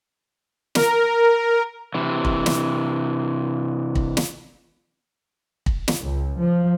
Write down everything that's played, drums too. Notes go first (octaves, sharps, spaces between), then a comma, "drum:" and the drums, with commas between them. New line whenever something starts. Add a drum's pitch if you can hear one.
A#4, drum: snare
C3 E3
drum: kick
drum: snare
drum: kick
drum: snare
drum: kick
drum: snare
C#2
F3